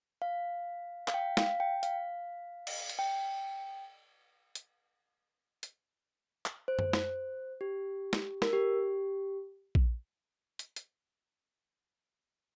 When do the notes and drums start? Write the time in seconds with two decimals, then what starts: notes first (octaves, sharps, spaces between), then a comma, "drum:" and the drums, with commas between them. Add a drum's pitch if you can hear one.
0.22 F5
1.08 F5, drum: clap
1.14 G5
1.37 F5, drum: snare
1.60 G5
1.83 F5, drum: hi-hat
2.67 drum: cymbal
2.89 drum: hi-hat
2.99 G5
4.55 drum: hi-hat
5.63 drum: hi-hat
6.46 drum: clap
6.68 C5
6.79 drum: tom F#2
6.93 drum: snare
7.61 G4
8.13 drum: snare
8.42 A#4, drum: snare
8.53 G4
9.75 drum: kick A#1
10.59 drum: hi-hat
10.76 drum: hi-hat